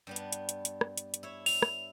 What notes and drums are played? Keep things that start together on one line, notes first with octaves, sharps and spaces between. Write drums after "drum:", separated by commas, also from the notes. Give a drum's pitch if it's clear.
G2 G3 B3
drum: hi-hat
drum: hi-hat
drum: hi-hat
drum: hi-hat
drum: rim click
drum: hi-hat
drum: hi-hat
E4 C#5
F7, drum: open hi-hat
drum: rim click